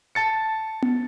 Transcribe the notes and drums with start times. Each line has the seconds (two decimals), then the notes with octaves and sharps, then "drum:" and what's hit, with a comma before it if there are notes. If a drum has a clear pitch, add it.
0.15 A5 A6 C#7
0.82 drum: tom B3